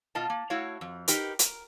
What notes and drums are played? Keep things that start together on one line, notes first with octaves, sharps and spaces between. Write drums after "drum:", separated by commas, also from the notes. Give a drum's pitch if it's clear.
B2 F4 D#5 F5 A5
A#3
A3 E4 F#4 C#5 F5
F2
D#4 G4 A#4 B4, drum: hi-hat
A#4, drum: hi-hat